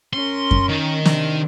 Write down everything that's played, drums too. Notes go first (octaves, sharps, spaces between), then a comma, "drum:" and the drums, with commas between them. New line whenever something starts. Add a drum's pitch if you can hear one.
C#4 A#4 C6
drum: kick F#2
D#3
C3 D4, drum: snare